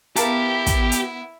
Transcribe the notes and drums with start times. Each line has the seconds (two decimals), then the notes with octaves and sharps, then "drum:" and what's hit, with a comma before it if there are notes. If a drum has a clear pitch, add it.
0.16 B3 E4 G4 A#4 F5 A5, drum: hi-hat
0.66 drum: kick, hi-hat
0.92 drum: hi-hat